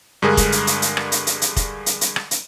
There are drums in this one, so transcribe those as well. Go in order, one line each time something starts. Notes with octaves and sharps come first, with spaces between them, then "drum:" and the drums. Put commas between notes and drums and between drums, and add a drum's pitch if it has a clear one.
G2 D3 G#3 G#4 A#4
drum: kick, hi-hat
drum: hi-hat
drum: hi-hat
drum: hi-hat
drum: rim click
drum: hi-hat
drum: hi-hat
drum: hi-hat
drum: kick, hi-hat
drum: hi-hat
drum: hi-hat
drum: rim click
drum: hi-hat